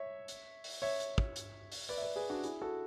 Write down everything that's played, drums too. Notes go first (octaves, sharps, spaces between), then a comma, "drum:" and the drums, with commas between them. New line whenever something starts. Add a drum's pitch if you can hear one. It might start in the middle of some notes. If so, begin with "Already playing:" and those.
Already playing: C#5 E5
drum: hi-hat
drum: open hi-hat
C#5 E5
drum: hi-hat
drum: kick
drum: hi-hat
drum: open hi-hat
B4 D5
E5
B4 D5
G#4 B4
D4 F#4
E4 G#4, drum: hi-hat
F#4 A4